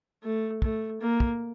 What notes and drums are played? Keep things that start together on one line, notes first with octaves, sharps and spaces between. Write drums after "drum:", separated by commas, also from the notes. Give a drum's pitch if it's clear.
A3
A3, drum: kick
A#3
drum: kick